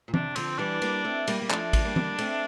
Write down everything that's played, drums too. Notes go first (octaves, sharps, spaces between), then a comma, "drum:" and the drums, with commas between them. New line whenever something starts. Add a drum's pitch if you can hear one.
A#2
C3 D4, drum: tom E3
D3 F3 C4, drum: cymbal
E3 G3 D4
G3 A#3, drum: cymbal
A3 C4
G3 A#3, drum: cymbal
G3
F3 A3 D4, drum: clap
drum: kick A1, cymbal
G3 A#3
drum: tom E3
A3 C4, drum: cymbal